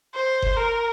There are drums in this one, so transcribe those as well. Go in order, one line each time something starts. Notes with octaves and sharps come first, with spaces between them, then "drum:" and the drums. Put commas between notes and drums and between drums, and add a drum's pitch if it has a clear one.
C5
drum: kick F#1
A#4